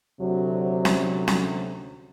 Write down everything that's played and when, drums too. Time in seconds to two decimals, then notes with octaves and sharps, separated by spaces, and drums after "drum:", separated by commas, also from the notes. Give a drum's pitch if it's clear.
0.21 D2 C3 F#3
0.85 drum: snare C#4
1.28 drum: snare C#4